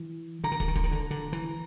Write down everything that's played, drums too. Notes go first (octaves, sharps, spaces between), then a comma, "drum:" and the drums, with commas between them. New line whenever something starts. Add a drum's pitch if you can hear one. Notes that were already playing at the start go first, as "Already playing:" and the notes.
Already playing: E3
D3 A#5
D#3
D3, drum: kick
D#3
D3, drum: kick
D#3
D3
D3
E3